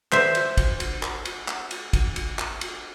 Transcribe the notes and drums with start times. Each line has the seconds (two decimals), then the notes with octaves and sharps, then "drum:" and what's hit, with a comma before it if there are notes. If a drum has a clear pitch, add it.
0.12 C5 E5, drum: clap
0.35 drum: cymbal
0.57 drum: kick, cymbal
0.80 drum: cymbal
1.03 drum: clap
1.25 drum: cymbal
1.48 drum: clap
1.71 drum: cymbal
1.93 drum: kick, cymbal
2.16 drum: cymbal
2.39 drum: clap
2.61 drum: cymbal